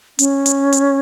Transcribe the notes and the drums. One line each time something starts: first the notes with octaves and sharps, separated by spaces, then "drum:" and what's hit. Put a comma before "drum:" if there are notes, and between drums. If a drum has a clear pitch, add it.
C#4, drum: hi-hat
drum: hi-hat
drum: hi-hat